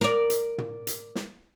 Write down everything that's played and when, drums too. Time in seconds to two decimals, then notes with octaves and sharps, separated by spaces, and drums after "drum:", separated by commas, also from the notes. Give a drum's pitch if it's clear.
0.01 A#4 D5, drum: snare
0.30 drum: hi-hat
0.58 drum: tom
0.87 drum: hi-hat
1.15 drum: snare